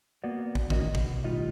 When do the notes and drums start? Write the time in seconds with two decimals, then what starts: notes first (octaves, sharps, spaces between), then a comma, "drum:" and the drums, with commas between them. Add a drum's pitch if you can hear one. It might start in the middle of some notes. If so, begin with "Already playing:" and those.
0.24 A#3 B3 F#4 D5
0.55 drum: kick
0.70 A2 D#3 A#3 C#4 F#4 D#5, drum: kick
0.95 B2, drum: kick
1.24 A2 D#3 G3 D#4 F4 D#5